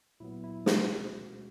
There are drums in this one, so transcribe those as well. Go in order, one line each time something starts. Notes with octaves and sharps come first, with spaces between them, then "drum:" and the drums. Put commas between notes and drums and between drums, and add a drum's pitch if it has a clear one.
A#2 F#3 B3 E4
E4
B2 G#3 C#4 F#4, drum: snare